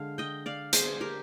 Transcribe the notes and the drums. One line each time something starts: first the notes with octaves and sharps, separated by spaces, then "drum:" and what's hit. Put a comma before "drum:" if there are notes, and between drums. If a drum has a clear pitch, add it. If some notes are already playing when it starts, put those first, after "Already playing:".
Already playing: D3 G#3 F5
D#5 G5
D5 F5
G#4 C5, drum: hi-hat
G4 A#4